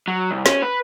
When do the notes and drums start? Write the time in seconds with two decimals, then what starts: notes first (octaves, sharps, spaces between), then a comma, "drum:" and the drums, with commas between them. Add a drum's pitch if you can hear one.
0.08 F#3
0.31 C2
0.46 C#4, drum: snare
0.63 B4